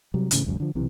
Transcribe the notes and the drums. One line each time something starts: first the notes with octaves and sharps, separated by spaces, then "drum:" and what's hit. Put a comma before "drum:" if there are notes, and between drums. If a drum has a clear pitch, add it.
C3 F#3 G3
A2 C#3 E3, drum: hi-hat
E1 C#2 F#2
D3 F3
B1 C3 E3